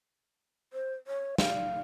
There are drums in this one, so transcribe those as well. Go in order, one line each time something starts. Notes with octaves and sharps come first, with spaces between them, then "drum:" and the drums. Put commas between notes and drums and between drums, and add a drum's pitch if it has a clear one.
C5
C#5
F5, drum: snare